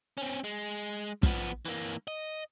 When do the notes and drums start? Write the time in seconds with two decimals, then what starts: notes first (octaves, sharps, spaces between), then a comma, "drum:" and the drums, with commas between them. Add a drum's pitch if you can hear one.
0.18 C4 C#4
0.44 G#3
1.23 F3 B3, drum: kick
1.66 E3 A#3
2.08 D#5